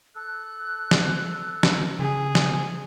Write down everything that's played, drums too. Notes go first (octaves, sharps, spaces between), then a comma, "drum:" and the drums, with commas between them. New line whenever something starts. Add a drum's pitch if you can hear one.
A4 F#6
drum: snare
drum: snare
C#3 G#4
drum: snare